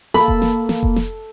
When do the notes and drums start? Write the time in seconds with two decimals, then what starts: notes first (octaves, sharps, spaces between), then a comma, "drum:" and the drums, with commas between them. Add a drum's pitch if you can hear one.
0.14 A#3 A4 B5, drum: snare
0.28 drum: kick F1
0.42 drum: snare
0.69 drum: snare
0.83 drum: kick F1
0.96 drum: snare